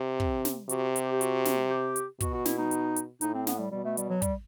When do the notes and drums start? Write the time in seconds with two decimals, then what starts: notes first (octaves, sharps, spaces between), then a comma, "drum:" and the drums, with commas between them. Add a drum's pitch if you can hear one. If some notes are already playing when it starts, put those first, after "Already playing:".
Already playing: C3
0.20 C4, drum: kick
0.45 drum: snare
0.69 C3 F#4, drum: hi-hat
0.96 G4, drum: hi-hat
1.12 G4
1.21 F#4, drum: hi-hat
1.45 drum: snare
1.70 G4
1.96 drum: hi-hat
2.20 B2 F#4, drum: kick, hi-hat
2.34 F#4
2.45 E4, drum: snare
2.58 D#4
2.71 drum: hi-hat
2.96 drum: hi-hat
3.21 A2 D#4, drum: hi-hat
3.34 C4
3.47 B3, drum: snare
3.59 G3
3.71 B2 G3
3.84 A3
3.97 G3, drum: hi-hat
4.10 F#3
4.22 G3, drum: kick, hi-hat